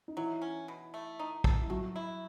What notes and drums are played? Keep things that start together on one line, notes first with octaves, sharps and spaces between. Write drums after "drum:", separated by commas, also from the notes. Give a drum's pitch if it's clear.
D#4
E3 F#3 E4
C#4
B2
A3
D#4
A4, drum: kick
E4
F#3 A3 F#4
E4